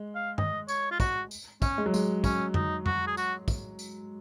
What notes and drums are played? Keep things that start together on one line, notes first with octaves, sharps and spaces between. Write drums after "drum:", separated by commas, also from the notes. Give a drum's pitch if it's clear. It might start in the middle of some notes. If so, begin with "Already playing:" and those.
Already playing: G#3
F5
D#5, drum: tom G2
C#5, drum: tambourine
F4
F#4, drum: kick, tambourine
drum: tambourine
C#4, drum: kick, tambourine
G#3
F#3
G#3, drum: tambourine
C#4, drum: kick, tambourine
D#4, drum: tom F2
F#4, drum: tom F2
G#4
F#4, drum: tambourine
drum: kick, tambourine
drum: tambourine